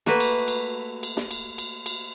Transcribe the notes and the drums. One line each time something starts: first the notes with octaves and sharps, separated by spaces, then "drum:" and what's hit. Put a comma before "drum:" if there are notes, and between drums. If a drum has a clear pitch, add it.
A3 A#3 F#4 B4, drum: snare
drum: cymbal
drum: cymbal
drum: cymbal
drum: snare
drum: cymbal
drum: cymbal
drum: cymbal